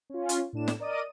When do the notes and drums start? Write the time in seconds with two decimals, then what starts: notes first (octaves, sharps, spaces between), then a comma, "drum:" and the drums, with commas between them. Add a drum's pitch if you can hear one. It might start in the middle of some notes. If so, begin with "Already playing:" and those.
0.10 C#4 F4
0.29 drum: hi-hat
0.53 A2 D4 E7
0.68 drum: snare
0.80 A#4 D5 D#5 D#6 D#7